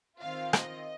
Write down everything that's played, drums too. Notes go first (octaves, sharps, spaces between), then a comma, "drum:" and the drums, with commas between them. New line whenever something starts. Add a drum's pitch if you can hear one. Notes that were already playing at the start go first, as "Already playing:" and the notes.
D#3 C4 F4 F5
D#5, drum: rim click